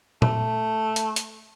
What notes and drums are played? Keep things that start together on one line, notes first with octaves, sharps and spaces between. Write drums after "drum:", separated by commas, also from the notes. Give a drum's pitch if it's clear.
A3, drum: tom A#2
drum: hi-hat
drum: hi-hat